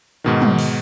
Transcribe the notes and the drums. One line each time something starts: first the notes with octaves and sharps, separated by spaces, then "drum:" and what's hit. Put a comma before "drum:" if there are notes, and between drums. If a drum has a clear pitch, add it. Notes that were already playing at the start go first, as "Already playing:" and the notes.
G#2 B2 D#3
drum: tom
drum: cymbal